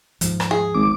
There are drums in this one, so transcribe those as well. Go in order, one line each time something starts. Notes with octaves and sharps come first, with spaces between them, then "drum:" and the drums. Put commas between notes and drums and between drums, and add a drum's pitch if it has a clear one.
D#2 G#2 F3, drum: hi-hat
drum: rim click
G#4
G#1 D6